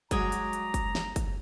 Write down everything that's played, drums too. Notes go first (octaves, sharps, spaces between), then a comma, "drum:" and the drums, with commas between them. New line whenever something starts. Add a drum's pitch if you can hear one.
F#3 G#3 G#4 C#5 D5 A#5, drum: kick F#1, hi-hat
drum: hi-hat
drum: hi-hat
drum: kick F#1, hi-hat
drum: snare
drum: kick F#1, hi-hat